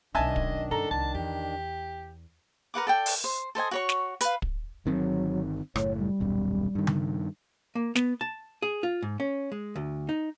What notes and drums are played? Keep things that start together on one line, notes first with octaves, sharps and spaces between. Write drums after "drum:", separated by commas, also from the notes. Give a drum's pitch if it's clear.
B1 D#3 C#4 D4 D#5 E5 G#5 A5
drum: kick
G2 C#4 A4 A#5
C2 A5
E2 G4
A#4 B4 F#5 D6
A4 D5 G5
drum: open hi-hat
C5
A4 C5 D#5 G#5
F#4 C#5 C#6
drum: snare
B4 F5, drum: hi-hat
drum: kick
G1 D#3 F#3 C4
F#1 A2 C#5, drum: rim click
G3
D#1 B1 F#2
G2 D#3
drum: tom C#3
A#3
B3, drum: snare
A5
G#4
F4
G#2
C#4
G#3
D2
D#4